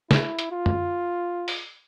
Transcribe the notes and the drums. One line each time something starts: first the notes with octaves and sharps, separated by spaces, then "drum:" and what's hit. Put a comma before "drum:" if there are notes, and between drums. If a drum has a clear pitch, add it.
E4, drum: snare
drum: hi-hat
F4
drum: tom F#2
drum: open hi-hat